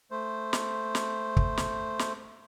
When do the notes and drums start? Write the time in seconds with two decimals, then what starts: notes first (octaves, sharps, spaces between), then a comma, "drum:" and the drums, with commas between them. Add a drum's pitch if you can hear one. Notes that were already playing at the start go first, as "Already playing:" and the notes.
0.11 A3 C5
0.53 drum: snare
0.95 drum: snare
1.37 drum: kick
1.57 drum: snare
1.99 drum: snare